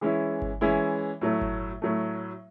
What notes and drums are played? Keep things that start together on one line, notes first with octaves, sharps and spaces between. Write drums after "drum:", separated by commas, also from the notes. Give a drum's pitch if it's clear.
E3 G#3 C#4 E4
drum: kick G1
E3 G#3 C#4 E4
A2 F#3 A3
drum: kick G1
A2 F#3 A3